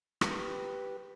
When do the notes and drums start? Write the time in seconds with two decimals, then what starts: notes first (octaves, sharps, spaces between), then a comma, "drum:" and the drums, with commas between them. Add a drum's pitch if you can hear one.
0.21 G4 B4, drum: rim click